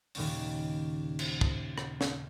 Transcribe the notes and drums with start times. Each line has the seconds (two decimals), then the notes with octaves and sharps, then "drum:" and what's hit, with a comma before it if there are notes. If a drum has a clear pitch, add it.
0.15 D#2 A#2 C#3 C#4, drum: open hi-hat
1.19 drum: cymbal
1.41 drum: kick
1.78 drum: rim click
2.01 drum: snare